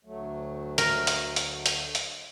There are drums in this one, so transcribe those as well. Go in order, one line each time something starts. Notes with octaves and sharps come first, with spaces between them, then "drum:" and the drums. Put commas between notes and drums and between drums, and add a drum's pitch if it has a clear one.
D2 F#3 A3
A#4, drum: hi-hat
drum: hi-hat
drum: hi-hat
drum: hi-hat
drum: hi-hat